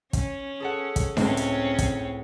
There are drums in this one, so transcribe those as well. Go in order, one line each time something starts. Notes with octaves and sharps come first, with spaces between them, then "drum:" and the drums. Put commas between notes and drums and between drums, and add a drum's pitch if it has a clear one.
C#4, drum: kick, hi-hat
G#4 A4 F#5
drum: kick, hi-hat
C#2 A2 C4 C#4, drum: snare D4
drum: hi-hat
drum: kick, hi-hat